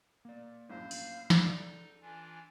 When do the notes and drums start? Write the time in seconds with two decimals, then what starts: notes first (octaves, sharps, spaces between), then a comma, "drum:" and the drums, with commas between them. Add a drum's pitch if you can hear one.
0.25 A#3 D5
0.69 A#1 F#2 A2 C5 F5
0.91 drum: open hi-hat
1.30 drum: snare
1.42 D#4 A4 D5
2.02 E3 D4 F4 G#5